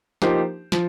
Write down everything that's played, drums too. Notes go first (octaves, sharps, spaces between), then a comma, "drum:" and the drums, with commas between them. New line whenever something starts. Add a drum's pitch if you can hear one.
F3 A#3 D#4 G4 C5, drum: snare
F3, drum: snare